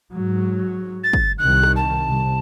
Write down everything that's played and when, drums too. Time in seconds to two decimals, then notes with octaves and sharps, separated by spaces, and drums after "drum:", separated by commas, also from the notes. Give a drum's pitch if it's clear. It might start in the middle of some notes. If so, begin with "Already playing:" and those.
0.11 G#2 F#3
1.04 A6
1.13 drum: kick
1.38 C2 D#3 F#6
1.63 drum: rim click
1.76 A5
2.07 C2